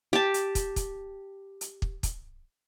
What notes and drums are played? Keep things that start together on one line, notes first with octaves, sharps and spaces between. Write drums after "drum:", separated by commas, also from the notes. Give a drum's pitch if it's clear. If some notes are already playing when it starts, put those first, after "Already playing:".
G4 A5
drum: hi-hat
drum: kick, hi-hat
drum: kick, hi-hat
drum: hi-hat
drum: kick
drum: kick, hi-hat